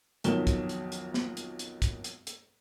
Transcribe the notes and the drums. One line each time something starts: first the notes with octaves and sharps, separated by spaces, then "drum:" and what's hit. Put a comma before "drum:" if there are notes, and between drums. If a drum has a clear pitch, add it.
B1 F2 D#3 F#3 E7 G7, drum: hi-hat
drum: kick, hi-hat
drum: hi-hat
drum: hi-hat
drum: snare
drum: hi-hat
drum: hi-hat
drum: kick, hi-hat
drum: hi-hat
drum: hi-hat